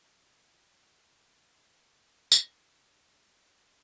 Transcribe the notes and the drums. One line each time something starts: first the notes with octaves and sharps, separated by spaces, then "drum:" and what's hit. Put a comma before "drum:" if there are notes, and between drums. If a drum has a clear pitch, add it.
C3
C#3
drum: tambourine
D4 F#5
E5